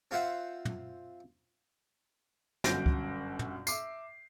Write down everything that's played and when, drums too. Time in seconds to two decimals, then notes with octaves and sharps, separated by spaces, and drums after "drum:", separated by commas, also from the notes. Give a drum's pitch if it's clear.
0.11 C4 F4 C5 E5 F#5
0.65 drum: tom
2.64 G1 F#2 G6 A#6 D7, drum: snare
2.86 drum: kick
3.39 drum: tom
3.67 E5 D6 C7, drum: tambourine